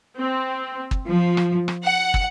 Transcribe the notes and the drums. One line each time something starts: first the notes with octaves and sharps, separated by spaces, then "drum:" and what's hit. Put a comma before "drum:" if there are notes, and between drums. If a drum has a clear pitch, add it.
C4
drum: kick
F3
drum: rim click
drum: rim click
F#5
drum: kick